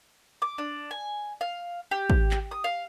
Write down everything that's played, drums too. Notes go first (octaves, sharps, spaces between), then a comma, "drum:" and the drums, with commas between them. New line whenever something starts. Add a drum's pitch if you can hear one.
D6
D4
G#5
F5
G4
drum: kick
drum: clap
D#6
F5